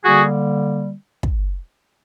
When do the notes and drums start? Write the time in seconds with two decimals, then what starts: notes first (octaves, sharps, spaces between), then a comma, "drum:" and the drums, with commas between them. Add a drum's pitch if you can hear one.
0.03 D3 G3 A#3 F#4 G#4
1.23 drum: kick